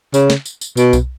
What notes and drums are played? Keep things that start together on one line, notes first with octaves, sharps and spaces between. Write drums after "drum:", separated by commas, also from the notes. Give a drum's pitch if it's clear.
C#3, drum: tambourine
drum: snare
drum: tambourine
drum: tambourine
B2, drum: tambourine
drum: kick B1, tambourine